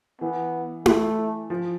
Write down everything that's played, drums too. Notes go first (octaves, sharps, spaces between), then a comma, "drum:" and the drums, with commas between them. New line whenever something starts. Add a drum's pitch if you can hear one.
E3 B3
A3, drum: tom E4
F3